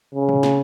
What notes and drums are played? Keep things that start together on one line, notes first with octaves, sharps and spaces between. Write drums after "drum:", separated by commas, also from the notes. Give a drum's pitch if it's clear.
C#3
drum: tom A2
drum: snare